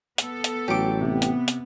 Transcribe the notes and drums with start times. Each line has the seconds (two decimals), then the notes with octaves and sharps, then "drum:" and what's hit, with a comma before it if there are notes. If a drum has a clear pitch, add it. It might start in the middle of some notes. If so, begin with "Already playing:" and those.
0.18 B3 A4, drum: hi-hat
0.44 drum: hi-hat
0.68 A1 F#3 G4 D6
1.01 C3 B3
1.22 drum: hi-hat
1.48 drum: hi-hat